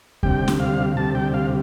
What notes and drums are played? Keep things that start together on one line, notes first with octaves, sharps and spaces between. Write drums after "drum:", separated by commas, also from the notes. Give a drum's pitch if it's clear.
D2 C3 G3 G5, drum: kick D#2
drum: snare
F5
D2 C3 G3 A5
G5
F5